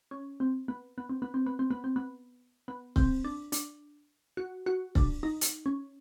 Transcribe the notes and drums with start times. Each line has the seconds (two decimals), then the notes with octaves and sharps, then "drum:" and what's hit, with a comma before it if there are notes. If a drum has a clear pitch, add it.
0.11 C#4
0.40 C4
0.68 B3
0.98 B3
1.10 C4
1.22 B3
1.34 C4
1.46 B3
1.59 C4
1.71 B3
1.84 C4
1.96 B3
2.68 B3
2.96 C4, drum: kick C#1
3.25 D4
3.52 D4, drum: hi-hat
4.37 F#4
4.66 F#4
4.95 D4, drum: kick C#1
5.23 D#4
5.41 drum: hi-hat
5.66 C#4